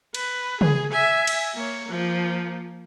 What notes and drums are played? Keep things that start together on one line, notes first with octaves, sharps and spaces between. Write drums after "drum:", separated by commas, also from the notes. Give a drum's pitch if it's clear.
B4, drum: cymbal
G#4, drum: tom
E5 G#5
drum: cymbal
A#3 C#5
F3 A#3